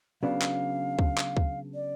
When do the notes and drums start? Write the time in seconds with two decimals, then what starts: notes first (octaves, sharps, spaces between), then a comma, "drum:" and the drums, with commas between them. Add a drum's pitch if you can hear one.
0.23 C#3 F#3 B3 D4 F5
0.42 drum: clap
0.99 drum: kick C#2
1.18 drum: clap
1.37 drum: kick C#2
1.75 D5